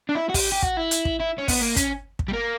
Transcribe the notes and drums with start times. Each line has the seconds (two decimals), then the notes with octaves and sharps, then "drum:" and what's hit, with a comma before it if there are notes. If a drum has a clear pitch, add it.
0.09 D4
0.15 E4
0.30 F#4
0.34 G4, drum: kick, open hi-hat
0.52 G4
0.63 F#4, drum: kick
0.77 E4
0.91 drum: hi-hat
1.05 drum: kick
1.20 E4
1.38 C#4
1.48 B3, drum: kick, open hi-hat
1.62 A#3
1.76 C#4, drum: kick, hi-hat
2.19 drum: kick
2.28 G3
2.33 A#3